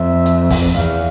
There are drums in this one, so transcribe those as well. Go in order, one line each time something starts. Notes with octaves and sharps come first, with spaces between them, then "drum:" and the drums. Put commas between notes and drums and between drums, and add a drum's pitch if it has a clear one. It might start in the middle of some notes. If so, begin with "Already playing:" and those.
Already playing: F2 E5
drum: hi-hat
drum: kick, open hi-hat
E2 F5